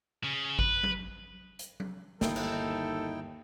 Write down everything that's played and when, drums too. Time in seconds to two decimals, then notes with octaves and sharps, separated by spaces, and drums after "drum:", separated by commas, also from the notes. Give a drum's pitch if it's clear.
0.24 C#3
0.59 B4, drum: kick G#1
0.83 drum: tom F#3
1.59 drum: hi-hat
1.80 drum: tom F#3
2.21 G1 D#2 C#3 A#3 D#4 E4 A4 G5, drum: snare
2.36 drum: cymbal